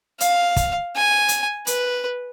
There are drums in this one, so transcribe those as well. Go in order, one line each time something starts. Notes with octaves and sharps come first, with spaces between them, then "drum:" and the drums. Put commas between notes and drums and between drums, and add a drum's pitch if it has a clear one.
F5, drum: hi-hat
drum: kick, hi-hat
G#5
drum: hi-hat
B4, drum: hi-hat